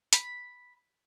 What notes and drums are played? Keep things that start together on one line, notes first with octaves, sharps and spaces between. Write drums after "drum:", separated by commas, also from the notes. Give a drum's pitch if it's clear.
B5, drum: hi-hat